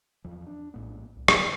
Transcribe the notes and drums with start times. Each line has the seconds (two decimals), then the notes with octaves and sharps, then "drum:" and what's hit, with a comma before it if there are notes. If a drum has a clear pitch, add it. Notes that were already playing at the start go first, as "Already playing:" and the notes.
0.24 E2 F3
0.47 D4
0.74 A#1 A2 B3
1.16 C2
1.28 drum: rim click